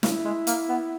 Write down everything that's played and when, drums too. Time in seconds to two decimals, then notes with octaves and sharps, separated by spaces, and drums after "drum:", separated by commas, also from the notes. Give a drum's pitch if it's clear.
0.03 C#3 E4, drum: snare
0.24 G#3
0.47 A#3, drum: hi-hat
0.69 B3